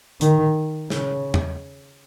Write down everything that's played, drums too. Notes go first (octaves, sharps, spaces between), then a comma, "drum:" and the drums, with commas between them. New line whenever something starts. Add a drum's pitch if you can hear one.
D#3, drum: hi-hat
C#3, drum: snare
drum: tom E2